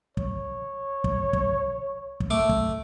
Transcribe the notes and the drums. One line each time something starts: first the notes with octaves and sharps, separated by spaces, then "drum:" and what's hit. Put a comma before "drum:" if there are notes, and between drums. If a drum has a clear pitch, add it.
C#5, drum: kick
drum: kick
drum: kick
drum: kick
A3 D6
drum: kick